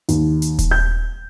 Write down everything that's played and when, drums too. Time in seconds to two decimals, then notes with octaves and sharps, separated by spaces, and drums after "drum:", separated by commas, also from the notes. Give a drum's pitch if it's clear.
0.09 D#2, drum: hi-hat
0.42 drum: hi-hat
0.59 drum: kick D#1, hi-hat
0.71 G6